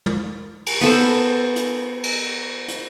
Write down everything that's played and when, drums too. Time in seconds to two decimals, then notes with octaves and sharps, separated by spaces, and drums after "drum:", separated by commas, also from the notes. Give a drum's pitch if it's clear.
0.06 drum: tom
0.66 drum: cymbal
0.81 B3 A4 C5, drum: open hi-hat
1.56 drum: hi-hat
2.03 drum: cymbal
2.68 drum: hi-hat